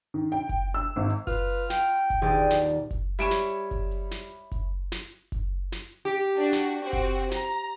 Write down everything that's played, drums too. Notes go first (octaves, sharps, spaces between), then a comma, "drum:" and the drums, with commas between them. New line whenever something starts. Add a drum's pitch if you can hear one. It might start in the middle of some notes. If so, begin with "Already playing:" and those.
D#3
G5, drum: hi-hat
drum: kick F#1, hi-hat
E6
G#1
drum: hi-hat
F4 B4, drum: kick F#1, hi-hat
drum: hi-hat
G5, drum: snare
drum: hi-hat
drum: kick F#1, hi-hat
D#1 G#4 D5 G5
drum: snare
drum: hi-hat
drum: kick F#1, hi-hat
G3 E4 C#5 D7 E7
drum: snare
drum: kick F#1, hi-hat
drum: hi-hat
drum: snare
drum: hi-hat
drum: kick F#1, hi-hat
drum: snare
drum: hi-hat
drum: kick F#1, hi-hat
drum: snare
drum: hi-hat
G4
D4 F#4
drum: snare
C4 F#4
drum: kick F#1, hi-hat
drum: hi-hat
A#5, drum: snare
drum: hi-hat